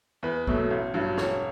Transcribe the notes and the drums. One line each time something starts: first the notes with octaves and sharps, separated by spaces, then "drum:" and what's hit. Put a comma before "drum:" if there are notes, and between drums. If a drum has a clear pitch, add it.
E2 B4
B2 F#3 A3, drum: kick
A1
G2 F#3
E1 C#5, drum: snare